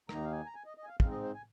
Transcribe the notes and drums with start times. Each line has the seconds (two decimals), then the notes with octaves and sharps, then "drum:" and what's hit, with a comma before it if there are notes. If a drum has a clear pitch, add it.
0.09 D#2 D#3 A#3 D#4 A#5, drum: rim click
0.25 F5
0.32 G#5
0.46 A#5
0.55 G#5
0.66 D#5
0.77 D#5
0.84 G#5
0.88 F5
1.00 G#2 G#3 C4 D#4 F5, drum: kick
1.11 D#5
1.23 C5
1.34 G#5